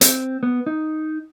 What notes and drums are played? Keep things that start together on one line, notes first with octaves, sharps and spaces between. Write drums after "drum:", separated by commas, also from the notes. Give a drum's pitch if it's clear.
C4, drum: hi-hat
B3
D#4